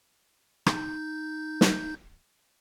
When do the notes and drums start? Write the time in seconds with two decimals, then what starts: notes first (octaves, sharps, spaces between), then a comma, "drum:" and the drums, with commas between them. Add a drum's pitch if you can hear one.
0.66 D#4 G6, drum: rim click
1.61 drum: snare